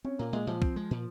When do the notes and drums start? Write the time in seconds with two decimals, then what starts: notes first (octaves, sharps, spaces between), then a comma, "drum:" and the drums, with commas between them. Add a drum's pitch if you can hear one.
0.05 C4 C#4
0.19 A#2 A#3
0.33 A#2 G#3
0.47 A#2 F3
0.62 C4, drum: kick C2
0.76 G#3
0.91 A#2